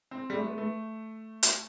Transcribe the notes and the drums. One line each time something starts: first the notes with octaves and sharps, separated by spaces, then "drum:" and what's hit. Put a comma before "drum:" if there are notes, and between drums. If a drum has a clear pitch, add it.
C4
G3
A3
B3
A3
drum: hi-hat